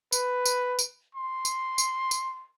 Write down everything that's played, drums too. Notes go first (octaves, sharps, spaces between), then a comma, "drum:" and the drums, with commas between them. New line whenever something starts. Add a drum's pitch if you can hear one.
B4, drum: tambourine
drum: tambourine
drum: tambourine
C6
drum: tambourine
drum: tambourine
drum: tambourine